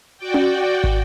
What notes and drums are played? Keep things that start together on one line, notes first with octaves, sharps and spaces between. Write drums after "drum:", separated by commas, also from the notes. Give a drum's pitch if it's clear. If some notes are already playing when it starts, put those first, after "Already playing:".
F#4 D5 G5
drum: tom C#4
drum: kick